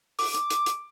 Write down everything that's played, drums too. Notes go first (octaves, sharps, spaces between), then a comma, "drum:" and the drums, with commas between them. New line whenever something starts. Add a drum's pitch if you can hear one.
D6, drum: open hi-hat
drum: hi-hat
drum: hi-hat
drum: hi-hat